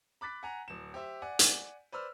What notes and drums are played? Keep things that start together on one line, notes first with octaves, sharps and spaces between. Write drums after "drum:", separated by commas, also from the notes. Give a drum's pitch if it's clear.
B5 D6 F#6 A6 B6
F#5 G#5 A#5
D1 E7
G4 C5 E5
D5 F#5 G#5
drum: hi-hat
B4 C5 D5 E6 F6